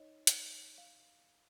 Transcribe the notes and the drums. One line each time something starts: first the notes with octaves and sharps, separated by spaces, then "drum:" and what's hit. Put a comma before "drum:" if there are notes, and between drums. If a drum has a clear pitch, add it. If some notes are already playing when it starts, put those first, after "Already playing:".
Already playing: D#4 C#5 D#5
drum: hi-hat
F5